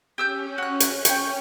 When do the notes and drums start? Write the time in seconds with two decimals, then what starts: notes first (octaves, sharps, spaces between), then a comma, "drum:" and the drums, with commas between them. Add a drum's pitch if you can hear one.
0.18 C#4 G4 E6 G6
0.58 F#4 F#6
0.80 drum: hi-hat
1.05 G5 C#6, drum: hi-hat